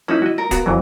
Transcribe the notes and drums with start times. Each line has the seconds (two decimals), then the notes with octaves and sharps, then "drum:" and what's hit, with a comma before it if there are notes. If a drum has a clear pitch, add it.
0.08 A#3 C#4 D#4 E4
0.22 F#4 D#5
0.38 A#4
0.51 B3 F#4 F5, drum: kick, hi-hat
0.66 F2 E3 F#3